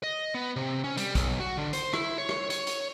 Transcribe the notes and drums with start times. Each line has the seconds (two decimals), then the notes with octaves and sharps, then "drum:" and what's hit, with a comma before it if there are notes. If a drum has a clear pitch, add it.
0.03 D#5
0.34 B3
0.56 C3
0.84 C#4
0.97 G3, drum: hi-hat
1.15 B1, drum: kick A#1, hi-hat
1.40 F#4
1.57 D3
1.73 C5, drum: hi-hat
1.94 E4, drum: rim click
2.18 C#5
2.29 drum: rim click
2.50 C#5, drum: hi-hat
2.67 drum: hi-hat